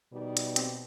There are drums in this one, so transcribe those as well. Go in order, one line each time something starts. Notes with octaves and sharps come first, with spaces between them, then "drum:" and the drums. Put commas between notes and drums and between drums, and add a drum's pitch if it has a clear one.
B2 D#3 G3 D#4
drum: hi-hat
C4 G4 C5, drum: hi-hat